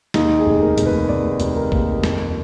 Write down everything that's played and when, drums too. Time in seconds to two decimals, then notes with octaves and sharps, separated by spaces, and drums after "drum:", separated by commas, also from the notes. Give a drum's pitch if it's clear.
0.14 D#2 D#4, drum: snare
0.39 G#4
0.46 F1
0.62 A#4
0.78 F1, drum: hi-hat
0.86 B4
1.09 F1 D5
1.40 F1, drum: hi-hat
1.56 A#4
1.72 D#2, drum: kick A#1
2.04 F2, drum: snare